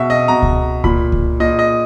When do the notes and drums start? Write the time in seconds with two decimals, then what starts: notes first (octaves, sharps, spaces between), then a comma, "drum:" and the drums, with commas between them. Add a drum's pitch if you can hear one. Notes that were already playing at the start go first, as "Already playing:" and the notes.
Already playing: B2 E5
0.10 D#5
0.28 B2 A#5
0.42 drum: kick C#2
0.84 A#2 B5, drum: kick C#2
1.12 drum: kick C#2
1.40 A#2 D#5
1.59 D#5